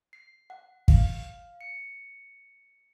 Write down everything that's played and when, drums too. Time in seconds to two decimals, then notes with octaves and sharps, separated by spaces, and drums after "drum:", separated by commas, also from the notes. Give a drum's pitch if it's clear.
0.13 C7
0.50 F#5
0.88 F5, drum: kick
1.61 C#7